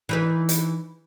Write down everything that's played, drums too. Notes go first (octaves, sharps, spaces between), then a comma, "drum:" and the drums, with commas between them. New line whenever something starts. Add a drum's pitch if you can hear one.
E3 D#4 B4
drum: hi-hat